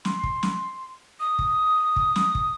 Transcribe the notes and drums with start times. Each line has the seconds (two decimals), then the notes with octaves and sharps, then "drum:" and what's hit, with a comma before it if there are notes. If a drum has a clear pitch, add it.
0.05 C6, drum: snare
0.23 drum: kick
0.43 drum: snare
1.20 D#6
1.39 drum: kick
1.96 drum: kick
2.16 drum: snare
2.35 drum: kick